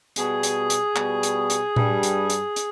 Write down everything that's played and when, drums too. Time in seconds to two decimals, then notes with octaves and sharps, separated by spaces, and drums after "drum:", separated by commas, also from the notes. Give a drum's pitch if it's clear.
0.16 B2 G3 G#4, drum: hi-hat
0.43 drum: hi-hat
0.70 drum: hi-hat
0.96 B2 G3, drum: clap
1.23 drum: hi-hat
1.50 drum: hi-hat
1.76 G2 G3, drum: tom A#2
2.03 drum: hi-hat
2.30 drum: hi-hat
2.56 drum: hi-hat